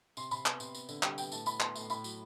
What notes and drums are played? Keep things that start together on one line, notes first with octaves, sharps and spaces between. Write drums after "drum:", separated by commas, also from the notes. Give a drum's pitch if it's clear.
C3 C6, drum: tambourine
C3 B5, drum: tambourine
B3, drum: clap
C3, drum: tambourine
B3, drum: tambourine
D3, drum: tambourine
G3 G5, drum: clap
B3 G5, drum: tambourine
A2 A5, drum: tambourine
A2 B5, drum: tambourine
B3 C6, drum: clap
A2, drum: tambourine
A2 B5, drum: tambourine
F#3, drum: tambourine